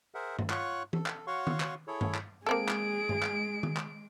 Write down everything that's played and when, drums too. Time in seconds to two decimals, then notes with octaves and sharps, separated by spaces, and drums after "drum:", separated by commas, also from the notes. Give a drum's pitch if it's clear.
0.14 G#4 A#4 C5 E5 F#5
0.39 drum: tom G2
0.50 F4 C#5 F#5 C#6 F#6, drum: clap
0.93 A4, drum: tom E3
1.06 drum: clap
1.27 F#4 C#5 F5 F#5 C6 C#6
1.47 drum: tom D#3
1.60 drum: clap
1.87 E4 G#4 A4 C#5
2.01 drum: tom G2
2.14 drum: clap
2.46 G#3 A#3 C4 G#4 A4 D7
2.69 drum: clap
3.09 drum: tom G2
3.23 drum: clap
3.63 drum: tom D#3
3.77 drum: clap